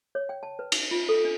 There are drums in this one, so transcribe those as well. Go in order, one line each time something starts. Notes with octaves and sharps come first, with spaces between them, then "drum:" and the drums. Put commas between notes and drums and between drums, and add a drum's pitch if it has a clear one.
C#5
G5
A5
B4
drum: cymbal
F4
A4
D4